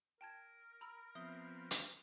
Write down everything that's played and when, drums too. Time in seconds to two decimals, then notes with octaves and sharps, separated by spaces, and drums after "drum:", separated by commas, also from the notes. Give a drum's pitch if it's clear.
0.21 A#4 G5 A5 G#6
0.81 A#5 B5 E6
1.15 F3 B3 C4 E5 D#6 G7
1.71 drum: hi-hat